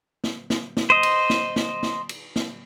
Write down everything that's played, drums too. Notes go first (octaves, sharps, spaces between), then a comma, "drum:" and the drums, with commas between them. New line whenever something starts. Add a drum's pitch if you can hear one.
drum: snare
drum: snare
drum: snare
C5 D#5
drum: cymbal
drum: snare
drum: snare
drum: snare
drum: cymbal
drum: snare